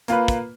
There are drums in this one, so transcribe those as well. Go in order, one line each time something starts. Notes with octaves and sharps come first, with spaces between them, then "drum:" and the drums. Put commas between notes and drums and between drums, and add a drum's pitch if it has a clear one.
A#3 F4 B4, drum: hi-hat
drum: kick, hi-hat